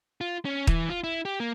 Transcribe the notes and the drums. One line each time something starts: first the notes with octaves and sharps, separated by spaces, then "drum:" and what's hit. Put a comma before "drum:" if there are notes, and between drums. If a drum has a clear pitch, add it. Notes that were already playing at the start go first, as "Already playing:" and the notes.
F4
C#4
E3, drum: kick D#1
F4
E4
G4
A#3